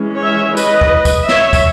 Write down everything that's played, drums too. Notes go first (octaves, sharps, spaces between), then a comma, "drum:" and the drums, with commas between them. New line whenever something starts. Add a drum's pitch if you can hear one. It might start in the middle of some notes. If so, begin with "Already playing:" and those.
Already playing: E3 G#3 C#4
C#5 E5
B4 D#5, drum: tambourine
drum: kick
drum: kick, tambourine
C#5 E5, drum: snare
drum: kick, tambourine